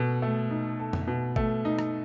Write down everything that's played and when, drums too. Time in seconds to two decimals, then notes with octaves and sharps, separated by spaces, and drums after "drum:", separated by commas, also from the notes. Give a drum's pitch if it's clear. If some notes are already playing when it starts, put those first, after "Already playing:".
Already playing: B2 A4
0.22 A3
0.51 D#4
0.79 A4
0.93 drum: tom F2
1.07 B2
1.36 A3, drum: kick G#1
1.65 D#4
1.79 drum: rim click